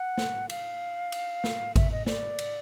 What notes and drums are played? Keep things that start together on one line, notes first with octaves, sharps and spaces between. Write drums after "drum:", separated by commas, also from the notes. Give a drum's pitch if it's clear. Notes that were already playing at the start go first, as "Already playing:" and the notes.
Already playing: F#5
drum: snare
F5, drum: cymbal
drum: cymbal
drum: snare
E5, drum: kick G#1, cymbal
D#5
D5, drum: snare
drum: cymbal